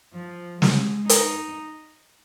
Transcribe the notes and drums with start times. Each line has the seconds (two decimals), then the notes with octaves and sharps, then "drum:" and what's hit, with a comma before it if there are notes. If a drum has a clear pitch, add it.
0.14 F3
0.62 G#3, drum: snare
1.09 D#4, drum: hi-hat